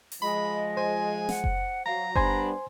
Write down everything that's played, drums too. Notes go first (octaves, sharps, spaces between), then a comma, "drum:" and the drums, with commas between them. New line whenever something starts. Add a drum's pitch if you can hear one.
drum: open hi-hat
F3 G#3 D#5 B5
C5 G#5
F#5, drum: snare
drum: kick F#1
F#3 F5 A#5
G3 B3 D4 C5 G#5 B5 C6, drum: kick F#1